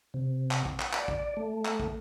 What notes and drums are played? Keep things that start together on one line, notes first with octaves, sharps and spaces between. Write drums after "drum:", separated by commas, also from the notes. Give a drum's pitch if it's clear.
C3
drum: clap
drum: kick
drum: clap
D5, drum: clap
drum: kick
A3
drum: clap
drum: kick